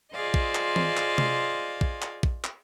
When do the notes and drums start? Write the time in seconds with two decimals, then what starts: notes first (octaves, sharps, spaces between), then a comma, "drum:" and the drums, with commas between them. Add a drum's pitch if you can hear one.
0.13 F4 G#4 C5 D5 D#5 F5
0.34 drum: kick
0.55 drum: clap
0.76 drum: tom E3
0.97 drum: clap
1.18 drum: tom C3
1.81 drum: kick
2.02 drum: clap
2.23 drum: kick
2.44 drum: clap